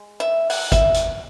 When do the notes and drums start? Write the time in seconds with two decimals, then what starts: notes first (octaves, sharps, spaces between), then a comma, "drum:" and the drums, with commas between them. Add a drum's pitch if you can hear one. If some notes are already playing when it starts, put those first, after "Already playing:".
Already playing: G#3
0.20 E5
0.50 F#5, drum: open hi-hat
0.72 E5, drum: kick, hi-hat
0.94 drum: hi-hat